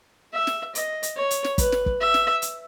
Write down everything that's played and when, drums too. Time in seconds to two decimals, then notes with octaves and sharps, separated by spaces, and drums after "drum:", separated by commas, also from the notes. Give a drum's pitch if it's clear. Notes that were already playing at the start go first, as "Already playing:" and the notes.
0.34 E5
0.47 drum: snare
0.75 D#5, drum: hi-hat
1.03 drum: hi-hat
1.16 C#5
1.31 drum: hi-hat
1.44 drum: snare
1.58 B4, drum: kick, hi-hat
1.72 drum: snare
1.86 drum: kick
2.01 E5
2.14 drum: snare
2.42 drum: hi-hat